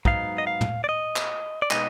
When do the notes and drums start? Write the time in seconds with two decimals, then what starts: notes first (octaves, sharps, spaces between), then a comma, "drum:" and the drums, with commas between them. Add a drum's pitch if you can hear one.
0.05 G#2 F#3 B3 D#4 F5, drum: kick
0.38 D#5
0.47 F5
0.61 drum: tom
0.84 D5
0.89 D#5
1.16 drum: clap
1.62 D5
1.71 B2 G#3 D#4 D#5, drum: clap